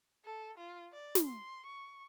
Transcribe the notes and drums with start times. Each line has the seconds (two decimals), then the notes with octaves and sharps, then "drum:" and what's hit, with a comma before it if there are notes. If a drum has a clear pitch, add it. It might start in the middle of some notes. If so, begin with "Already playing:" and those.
0.24 A4
0.58 F4
0.93 D5
1.15 drum: snare
1.25 C6
1.66 C#6